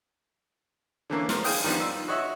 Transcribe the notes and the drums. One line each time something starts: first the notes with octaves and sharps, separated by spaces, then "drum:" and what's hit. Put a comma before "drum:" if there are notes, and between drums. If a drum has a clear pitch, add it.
D3 E3 A#3 C#4
F3 B3 C5 F6, drum: snare
G#4 F5 G5 D#6, drum: open hi-hat
D#3 F3 G3 B3
F4 E6
F#4 C#5 D#5 E5